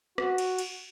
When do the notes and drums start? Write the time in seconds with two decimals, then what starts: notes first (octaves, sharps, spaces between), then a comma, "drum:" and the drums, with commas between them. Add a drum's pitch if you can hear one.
0.18 F#4, drum: rim click
0.38 drum: cymbal
0.59 drum: cymbal